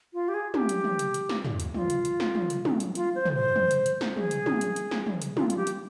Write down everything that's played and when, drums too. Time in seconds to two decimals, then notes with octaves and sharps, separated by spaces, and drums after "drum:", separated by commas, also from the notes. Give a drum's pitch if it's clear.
0.13 F4
0.28 G4
0.34 G#4
0.54 G4, drum: tom
0.69 drum: hi-hat
0.84 drum: tom
0.99 drum: hi-hat
1.14 drum: hi-hat
1.29 drum: snare
1.45 drum: tom
1.60 drum: hi-hat
1.74 F4, drum: tom
1.90 drum: hi-hat
2.05 drum: hi-hat
2.20 drum: snare
2.35 drum: tom
2.50 drum: hi-hat
2.65 drum: tom
2.80 drum: hi-hat
2.95 F4, drum: hi-hat
3.15 C5
3.26 drum: tom
3.35 C5
3.56 drum: tom
3.71 drum: hi-hat
3.86 drum: hi-hat
4.01 drum: snare
4.17 G#4, drum: tom
4.31 drum: hi-hat
4.46 drum: tom
4.61 drum: hi-hat
4.76 drum: hi-hat
4.91 drum: snare
5.06 drum: tom
5.22 drum: hi-hat
5.37 F4, drum: tom
5.50 F4, drum: hi-hat
5.57 G4
5.67 drum: hi-hat